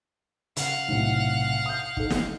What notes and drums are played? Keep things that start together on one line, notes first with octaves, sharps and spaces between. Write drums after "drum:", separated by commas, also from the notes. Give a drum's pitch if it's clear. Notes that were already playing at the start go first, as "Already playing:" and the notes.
C#3 F5 F#5, drum: hi-hat
B1 A2 C3
D#6 G6
D#4 A4, drum: kick
drum: snare